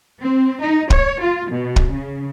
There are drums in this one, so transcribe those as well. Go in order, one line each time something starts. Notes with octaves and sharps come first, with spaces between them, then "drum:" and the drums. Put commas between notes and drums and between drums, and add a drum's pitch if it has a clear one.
C4
D#4
C#5, drum: kick
F4
B2
drum: kick
C#3